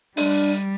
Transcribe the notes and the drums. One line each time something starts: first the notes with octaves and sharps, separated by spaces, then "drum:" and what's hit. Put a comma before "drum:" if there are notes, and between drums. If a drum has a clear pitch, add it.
G3 D4, drum: open hi-hat